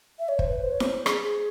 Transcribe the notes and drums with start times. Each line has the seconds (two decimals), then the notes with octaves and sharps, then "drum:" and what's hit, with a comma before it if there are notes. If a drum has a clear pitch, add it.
0.19 E5
0.29 C#5
0.39 C5, drum: kick
0.48 B4
0.63 C5
0.71 C#5
0.80 C5, drum: snare E4
1.06 G#4, drum: rim click
1.21 G#4